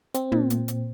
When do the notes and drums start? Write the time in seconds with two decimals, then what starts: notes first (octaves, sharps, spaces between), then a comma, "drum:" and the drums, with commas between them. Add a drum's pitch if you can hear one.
0.14 C4, drum: hi-hat
0.32 A#2, drum: tom
0.50 drum: hi-hat
0.68 drum: hi-hat